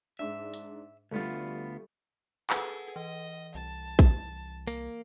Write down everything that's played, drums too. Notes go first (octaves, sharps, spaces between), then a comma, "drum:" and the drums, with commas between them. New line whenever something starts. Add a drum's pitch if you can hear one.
G#2 D4 E5
drum: hi-hat
D2 G3 A3 B3 F4
G#4 A4 B4 F#5, drum: clap
E3 D#5
C2 A5
drum: kick
A#3, drum: tambourine